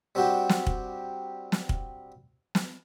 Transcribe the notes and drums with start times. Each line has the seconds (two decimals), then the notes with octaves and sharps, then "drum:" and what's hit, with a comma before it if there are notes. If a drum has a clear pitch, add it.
0.15 G3 C4 D4 F#4 G4
0.49 drum: snare
0.67 drum: kick
1.52 drum: snare
1.69 drum: kick
2.55 drum: snare